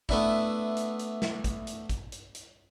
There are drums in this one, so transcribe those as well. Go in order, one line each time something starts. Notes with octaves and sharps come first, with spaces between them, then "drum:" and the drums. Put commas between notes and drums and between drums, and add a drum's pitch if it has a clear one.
A3 B3 D4 E4, drum: kick
drum: hi-hat
drum: hi-hat
drum: snare
drum: kick, hi-hat
drum: hi-hat
drum: kick, hi-hat
drum: hi-hat
drum: hi-hat